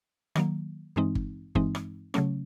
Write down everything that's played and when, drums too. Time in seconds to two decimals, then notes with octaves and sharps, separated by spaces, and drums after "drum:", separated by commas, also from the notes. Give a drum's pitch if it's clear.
0.36 D#3 F#3 A#3, drum: rim click
0.96 G2 E3 G#3 C4 D#4
1.15 drum: kick G1
1.55 G2 E3 G#3 C4 D#4, drum: kick G1
1.75 drum: rim click
2.14 C#3 F#3 A3 C#4, drum: rim click